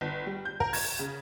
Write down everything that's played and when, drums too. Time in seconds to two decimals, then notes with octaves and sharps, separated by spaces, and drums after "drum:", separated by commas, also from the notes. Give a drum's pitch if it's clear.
0.01 G1
0.26 G3
0.45 G6
0.60 A#4, drum: kick
0.73 G#6, drum: open hi-hat
0.99 C#3